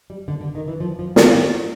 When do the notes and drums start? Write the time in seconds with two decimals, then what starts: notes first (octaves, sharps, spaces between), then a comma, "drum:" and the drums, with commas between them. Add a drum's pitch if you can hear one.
0.10 G3
0.28 D3
0.41 D3
0.55 D#3
0.68 E3
0.80 F3
0.99 F3
1.16 D#3, drum: snare
1.33 A2